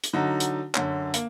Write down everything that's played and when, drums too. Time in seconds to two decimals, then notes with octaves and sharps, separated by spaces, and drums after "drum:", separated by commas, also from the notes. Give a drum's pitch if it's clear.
0.04 drum: hi-hat
0.13 D3 F#3 D#4
0.40 drum: hi-hat
0.75 F#2 D3 C#4, drum: clap
1.14 A#3, drum: hi-hat